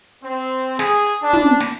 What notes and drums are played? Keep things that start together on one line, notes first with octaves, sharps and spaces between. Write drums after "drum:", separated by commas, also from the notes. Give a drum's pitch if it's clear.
C4
G#4, drum: snare
drum: hi-hat
D4
drum: tom
drum: snare